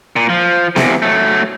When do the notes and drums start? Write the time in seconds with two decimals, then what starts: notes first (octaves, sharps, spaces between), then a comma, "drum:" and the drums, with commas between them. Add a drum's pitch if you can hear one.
0.16 A#2
0.30 F3
0.76 E2 C3, drum: snare B3
1.02 F#3 A3